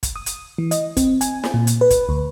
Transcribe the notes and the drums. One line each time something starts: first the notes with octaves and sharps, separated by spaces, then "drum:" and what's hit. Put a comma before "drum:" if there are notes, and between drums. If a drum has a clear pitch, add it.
drum: kick, hi-hat
D#6
drum: hi-hat
E3
D#5, drum: hi-hat
C4, drum: kick, hi-hat
G#5, drum: hi-hat
drum: snare
A#2
drum: hi-hat
B4
drum: kick, hi-hat
D2